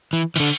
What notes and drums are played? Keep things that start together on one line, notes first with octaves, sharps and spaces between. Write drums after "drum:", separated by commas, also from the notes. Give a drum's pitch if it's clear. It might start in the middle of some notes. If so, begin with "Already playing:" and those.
E3
E3, drum: cymbal
D3